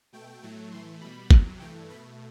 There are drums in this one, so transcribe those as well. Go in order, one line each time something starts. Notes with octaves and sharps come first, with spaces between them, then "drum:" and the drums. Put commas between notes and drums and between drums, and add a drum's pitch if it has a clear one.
B2 A3 G5
A2 F#3 A3
A2 E3 A3 C6
B2 G3 B5
E2 C3 F#3, drum: kick
G2 E3 A3 G5
B2 A3 B5